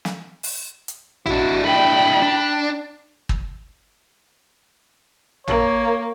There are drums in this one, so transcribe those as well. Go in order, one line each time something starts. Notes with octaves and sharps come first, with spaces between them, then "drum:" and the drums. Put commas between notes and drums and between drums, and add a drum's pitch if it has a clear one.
drum: snare
drum: open hi-hat
drum: hi-hat
D4 E4 F#4, drum: tom A1
G5 B5
D4
drum: kick
A#3 C#5, drum: tom A1